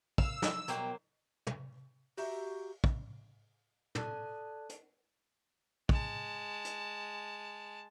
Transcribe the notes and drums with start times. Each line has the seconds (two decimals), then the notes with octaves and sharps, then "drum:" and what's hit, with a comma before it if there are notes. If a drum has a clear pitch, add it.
0.18 F5 E6, drum: kick
0.42 drum: snare
0.68 B2 F#3 G3 A#3 C5 G5, drum: hi-hat
1.47 drum: tom
2.18 F#4 G4 E5 A#5, drum: open hi-hat
2.84 drum: kick
3.95 A4 D5 A5 F#6, drum: tom
4.70 drum: hi-hat
5.89 G#3 A5, drum: kick
6.65 drum: hi-hat